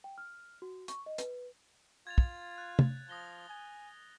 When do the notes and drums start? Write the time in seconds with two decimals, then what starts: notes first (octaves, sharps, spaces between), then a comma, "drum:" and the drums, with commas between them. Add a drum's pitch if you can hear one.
0.04 G5
0.18 F6
0.62 F#4
0.88 C#6, drum: hi-hat
1.06 D#5
1.18 B4, drum: hi-hat
2.07 F4 G#6 A6 F7
2.18 drum: kick
2.58 F#6
2.79 drum: tom
3.09 F3 D#6 A#6 G7
3.49 G#5